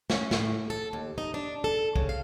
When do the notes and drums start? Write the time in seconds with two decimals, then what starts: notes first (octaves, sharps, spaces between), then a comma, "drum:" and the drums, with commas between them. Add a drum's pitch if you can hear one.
0.10 C#4, drum: snare
0.31 A2, drum: snare
0.70 A4
0.93 D#2
1.18 D#4
1.34 D4
1.64 A4
1.96 C#3, drum: kick
2.09 F5